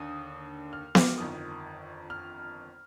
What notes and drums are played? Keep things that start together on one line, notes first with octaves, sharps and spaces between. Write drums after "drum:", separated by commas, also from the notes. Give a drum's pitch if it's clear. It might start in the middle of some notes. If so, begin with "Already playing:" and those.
Already playing: D#2 D3 D#6
F6
D6, drum: snare B3
G1 F2 D#3 D#6
F6